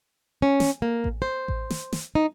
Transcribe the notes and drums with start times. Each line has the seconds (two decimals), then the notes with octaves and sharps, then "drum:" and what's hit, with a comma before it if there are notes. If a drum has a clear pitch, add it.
0.42 C#4
0.60 drum: snare
0.82 A#3
1.04 drum: kick A1
1.22 C5
1.48 drum: kick A1
1.70 drum: snare
1.93 drum: snare
2.15 D#4